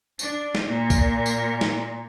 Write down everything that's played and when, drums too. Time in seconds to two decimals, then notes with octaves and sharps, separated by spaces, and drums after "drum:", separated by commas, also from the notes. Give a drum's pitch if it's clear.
0.19 D4, drum: tambourine
0.55 drum: snare
0.65 A#2
0.90 drum: kick B1, tambourine
1.26 drum: tambourine
1.61 drum: snare